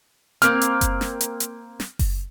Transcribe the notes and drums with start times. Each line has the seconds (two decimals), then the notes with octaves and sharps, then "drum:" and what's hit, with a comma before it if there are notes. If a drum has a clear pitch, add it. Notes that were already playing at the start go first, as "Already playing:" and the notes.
0.42 A#3 C4 F6, drum: hi-hat
0.61 drum: hi-hat
0.81 drum: kick F#1, hi-hat
1.01 drum: snare
1.21 drum: hi-hat
1.40 drum: hi-hat
1.80 drum: snare
1.99 drum: kick F#1, open hi-hat